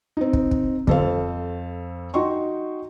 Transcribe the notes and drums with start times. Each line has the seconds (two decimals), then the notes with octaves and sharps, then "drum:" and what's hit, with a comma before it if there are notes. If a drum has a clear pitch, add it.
0.17 C4 D#4
0.33 drum: kick
0.51 drum: kick
0.87 F2 A4 C5 F5, drum: kick
2.14 D#4 F#4 D#5 G5 C6 C#6